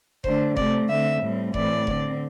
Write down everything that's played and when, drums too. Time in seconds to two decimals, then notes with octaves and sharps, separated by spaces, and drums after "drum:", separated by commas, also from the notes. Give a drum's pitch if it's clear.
0.24 D3 A3 D4 C5, drum: kick F1
0.57 C3 A3 C4 D5, drum: kick F1
0.89 D3 A3 C4 E5
1.22 A2 G3 C4
1.54 A2 E3 C4 D5, drum: kick F1
1.87 D3 C4, drum: kick F1